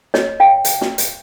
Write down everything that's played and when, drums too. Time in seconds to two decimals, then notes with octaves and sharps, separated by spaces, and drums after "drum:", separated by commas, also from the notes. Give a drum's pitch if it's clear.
0.14 C#5 D#5, drum: snare
0.40 F5 G5
0.65 drum: hi-hat
0.81 drum: snare
0.98 drum: hi-hat